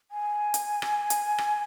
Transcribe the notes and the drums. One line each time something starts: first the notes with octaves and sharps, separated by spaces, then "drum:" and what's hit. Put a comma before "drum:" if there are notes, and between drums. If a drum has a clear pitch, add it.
G#5
drum: hi-hat
drum: rim click
drum: hi-hat
drum: rim click